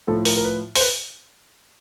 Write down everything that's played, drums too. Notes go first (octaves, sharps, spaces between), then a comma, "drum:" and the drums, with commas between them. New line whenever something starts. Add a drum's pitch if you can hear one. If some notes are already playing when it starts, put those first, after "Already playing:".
A2 F3 A4
A#4, drum: open hi-hat
A#4
B4
C5, drum: open hi-hat
B4